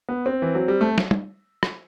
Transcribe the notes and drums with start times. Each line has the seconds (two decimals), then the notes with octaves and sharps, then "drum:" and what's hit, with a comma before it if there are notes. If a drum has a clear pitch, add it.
0.09 B3
0.26 C4
0.42 E3
0.55 F#3
0.68 G3
0.81 A3
0.98 drum: snare
1.11 drum: tom
1.63 drum: rim click